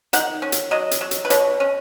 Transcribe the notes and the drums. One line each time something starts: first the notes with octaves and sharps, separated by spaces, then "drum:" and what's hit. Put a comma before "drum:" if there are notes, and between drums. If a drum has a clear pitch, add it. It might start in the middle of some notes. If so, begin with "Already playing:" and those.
D#3 F#5, drum: hi-hat
C#4
drum: hi-hat
F#3 D#5
drum: hi-hat
F#3
drum: hi-hat
B4
B2 C#5, drum: hi-hat
C#4